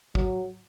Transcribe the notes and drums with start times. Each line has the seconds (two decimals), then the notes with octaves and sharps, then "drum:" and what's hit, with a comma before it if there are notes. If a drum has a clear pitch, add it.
0.15 F#3, drum: kick